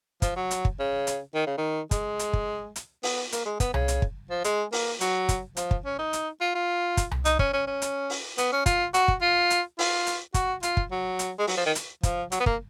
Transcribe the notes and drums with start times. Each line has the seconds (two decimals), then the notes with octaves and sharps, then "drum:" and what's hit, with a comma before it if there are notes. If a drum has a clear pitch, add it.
0.22 F3, drum: kick, hi-hat
0.36 F#3
0.51 drum: hi-hat
0.65 drum: kick
0.79 C#3
1.07 drum: hi-hat
1.35 D#3
1.47 C#3
1.58 D#3
1.91 G#3, drum: kick, hi-hat
2.19 drum: hi-hat
2.33 drum: kick
2.76 drum: hi-hat
3.03 B3, drum: open hi-hat
3.32 A#3, drum: hi-hat
3.45 G#3
3.60 B3, drum: kick, hi-hat
3.74 C#3, drum: tom C2
3.88 drum: hi-hat
4.02 drum: kick
4.30 F3
4.44 G#3, drum: hi-hat
4.73 A#3, drum: open hi-hat
5.01 F#3, drum: hi-hat
5.29 drum: kick, hi-hat
5.57 F3, drum: hi-hat
5.71 drum: kick
5.85 C#4
5.99 D#4
6.13 drum: hi-hat
6.41 F4
6.55 F4
6.97 drum: kick, hi-hat
7.11 drum: tom C2
7.25 D#4, drum: hi-hat
7.39 C#4, drum: kick
7.53 C#4
7.67 C#4
7.82 drum: hi-hat
8.10 drum: open hi-hat
8.38 B3, drum: hi-hat
8.52 C#4
8.66 F4, drum: kick, hi-hat
8.94 F#4, drum: hi-hat
9.08 drum: kick
9.22 F4
9.50 drum: hi-hat
9.79 F4, drum: open hi-hat
10.07 drum: hi-hat
10.34 F#4, drum: kick, hi-hat
10.63 F4, drum: hi-hat
10.77 drum: kick
10.92 F#3
11.19 drum: hi-hat
11.39 G#3
11.47 F#3, drum: open hi-hat
11.57 F3
11.65 D#3
11.75 drum: hi-hat
12.03 F3, drum: kick, hi-hat
12.32 F#3, drum: hi-hat
12.40 B3
12.46 A#3, drum: kick